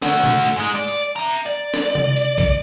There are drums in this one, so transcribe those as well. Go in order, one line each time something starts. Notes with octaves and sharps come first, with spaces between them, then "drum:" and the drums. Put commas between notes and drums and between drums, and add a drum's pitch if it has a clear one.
A3 F#4, drum: snare
drum: tom A#2
drum: hi-hat
G#2 G#3
D5
drum: hi-hat
E5 A#5
drum: hi-hat
D5
drum: snare
drum: tom C3
drum: hi-hat
drum: kick A#1, hi-hat